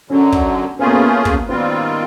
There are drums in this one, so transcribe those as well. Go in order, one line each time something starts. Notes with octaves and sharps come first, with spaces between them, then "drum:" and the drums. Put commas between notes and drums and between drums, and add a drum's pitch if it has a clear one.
F#2 D3 F#3 C#4
drum: kick
A3 B3 C#4 F4 G#4
A#3
B3
drum: kick
D#3 G3 B3 C4 F4